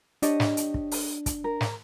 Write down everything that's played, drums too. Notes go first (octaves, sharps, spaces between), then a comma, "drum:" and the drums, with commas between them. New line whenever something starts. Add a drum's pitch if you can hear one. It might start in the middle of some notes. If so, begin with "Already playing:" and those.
D4 G4 C#5 D#5, drum: hi-hat
drum: snare
drum: hi-hat
drum: kick
drum: open hi-hat
drum: kick, hi-hat
A#4
drum: snare